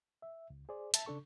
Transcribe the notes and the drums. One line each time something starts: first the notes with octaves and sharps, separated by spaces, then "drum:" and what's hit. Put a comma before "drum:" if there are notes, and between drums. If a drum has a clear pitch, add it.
E5
C#2
G#4 C5 D5
E5 A5 A6, drum: hi-hat
C#3 D4 A4 C#6